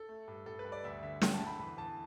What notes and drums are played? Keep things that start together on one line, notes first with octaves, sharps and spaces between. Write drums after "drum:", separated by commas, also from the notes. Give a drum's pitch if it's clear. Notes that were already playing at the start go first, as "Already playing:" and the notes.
Already playing: A4
A3
G2
G2 A4
B4
G2
D5
D2 E5
D3 E5
D2 G5, drum: snare
A5
D3
B5
E2 B5
E2 A5